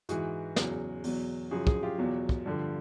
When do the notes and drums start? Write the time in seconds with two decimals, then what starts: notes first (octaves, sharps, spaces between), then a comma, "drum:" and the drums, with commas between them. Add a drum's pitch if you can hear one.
0.09 G#2 E3 F#4 G#4, drum: hi-hat
0.56 E2 C#3 F#3, drum: snare
1.04 E2 B2 F#3, drum: open hi-hat
1.51 F#2 C#3 F3 F#4 G#4
1.67 F#4 G#4, drum: kick
1.83 F4 G4
1.98 E2 B2 F#3
2.29 drum: kick
2.46 G2 D3 F3